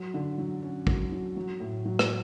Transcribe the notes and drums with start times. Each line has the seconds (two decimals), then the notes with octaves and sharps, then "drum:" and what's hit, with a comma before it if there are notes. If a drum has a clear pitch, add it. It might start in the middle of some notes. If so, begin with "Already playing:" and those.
Already playing: F#3
0.14 D3
0.38 F#3
0.62 C#4
0.87 F#3, drum: kick
1.12 F#3
1.37 F#3
1.60 A2
1.85 F#3
1.99 drum: rim click